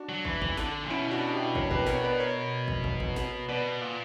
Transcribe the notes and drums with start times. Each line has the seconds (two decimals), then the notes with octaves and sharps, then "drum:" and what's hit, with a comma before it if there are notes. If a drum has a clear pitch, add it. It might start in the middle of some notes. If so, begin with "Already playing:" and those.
Already playing: D4 F#4
0.09 F#3
0.25 E3, drum: kick
0.42 drum: kick
0.57 D3, drum: snare
0.83 A#2
0.90 B2 C#4 E4
1.11 D4 F#4
1.33 E4 G4
1.55 A#4 C#5, drum: kick
1.71 G4 B4, drum: kick
1.87 A#4 C#5, drum: snare
2.04 B4 D5
2.20 A#4 C#5
2.68 drum: kick
2.84 drum: kick
3.00 drum: kick
3.16 drum: snare
3.48 B2 B4 D5
3.81 A#2